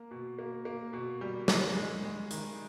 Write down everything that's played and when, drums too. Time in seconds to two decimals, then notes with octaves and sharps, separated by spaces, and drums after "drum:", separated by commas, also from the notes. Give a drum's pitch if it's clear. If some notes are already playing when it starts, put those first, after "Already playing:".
Already playing: A#3
0.11 B2
0.38 A#3
0.65 A#3
0.93 B2
1.21 G3
1.48 G#3, drum: snare
1.76 G#3
2.04 G#3
2.31 D#3, drum: hi-hat